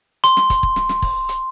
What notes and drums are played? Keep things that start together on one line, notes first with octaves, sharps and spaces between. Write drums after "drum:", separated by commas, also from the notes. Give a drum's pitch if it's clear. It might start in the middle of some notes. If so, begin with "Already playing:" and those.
C6, drum: hi-hat
drum: snare
drum: kick, hi-hat
drum: kick
drum: snare
drum: snare
drum: kick, open hi-hat
drum: hi-hat